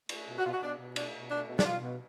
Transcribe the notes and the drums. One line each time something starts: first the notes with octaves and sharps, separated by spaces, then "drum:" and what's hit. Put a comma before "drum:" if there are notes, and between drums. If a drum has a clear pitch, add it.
A3, drum: cymbal
B2
F#4
B2 F4
F#4
B2 D4
B2
A3 D4, drum: cymbal
B2
A3 D4
B2
D4, drum: snare
B2 F4
B2